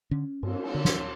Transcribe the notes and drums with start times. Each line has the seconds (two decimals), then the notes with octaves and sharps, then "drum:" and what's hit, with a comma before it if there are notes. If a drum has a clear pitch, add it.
0.11 D3 C#4
0.43 G2, drum: cymbal
0.64 drum: cymbal
0.74 D3
0.85 drum: snare